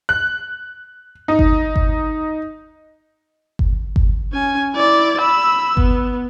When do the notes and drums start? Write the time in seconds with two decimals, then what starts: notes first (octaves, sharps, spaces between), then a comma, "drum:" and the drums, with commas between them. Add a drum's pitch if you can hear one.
0.09 F#6
1.28 D#4
1.39 drum: kick G1
1.76 drum: kick G1
3.59 drum: kick G1
3.96 drum: kick G1
4.33 C#4 G#5
4.74 E4 D5
5.20 B5 E6
5.77 B3, drum: kick G1